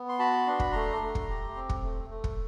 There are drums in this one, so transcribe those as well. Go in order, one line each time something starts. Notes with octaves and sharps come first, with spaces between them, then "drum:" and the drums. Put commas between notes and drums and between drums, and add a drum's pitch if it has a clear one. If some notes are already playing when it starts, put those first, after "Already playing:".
Already playing: B3
C6
F#4 A5 B5
D4 C6
B5, drum: kick
A3 A#5 C6
A3
drum: kick
G4
C4
drum: kick
A3
A3
drum: kick